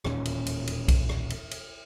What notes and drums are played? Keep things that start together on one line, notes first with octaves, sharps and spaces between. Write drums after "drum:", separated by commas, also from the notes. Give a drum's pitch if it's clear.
E1 D#2 A#2 C#4, drum: rim click
drum: cymbal
drum: cymbal
drum: cymbal
drum: kick B1, cymbal
drum: rim click
drum: cymbal
drum: cymbal